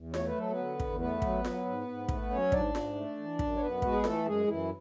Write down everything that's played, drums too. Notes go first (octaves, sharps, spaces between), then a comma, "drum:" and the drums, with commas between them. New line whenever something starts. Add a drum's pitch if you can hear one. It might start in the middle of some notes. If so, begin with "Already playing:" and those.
Already playing: E2
A3 C#5, drum: snare F4
B4
F#3 A4
B3 B4
D3
E2, drum: kick
A3 B3 B4
F#3, drum: kick
F#3, drum: snare F4
G#2
G#2
A3, drum: kick
F#3 C#4 C#5
G#2 D4 D5, drum: kick
G#2, drum: snare F4
A3
E3
F#2, drum: kick
C#5
F#2 B3 B4
G#3 F#4, drum: kick
G#4
E3 A3 A4, drum: snare F4
F#2 G#3 G#4
F#2 E3 E4